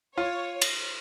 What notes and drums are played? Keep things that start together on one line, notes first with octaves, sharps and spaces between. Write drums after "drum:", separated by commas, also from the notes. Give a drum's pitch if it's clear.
F4 C#5
drum: cymbal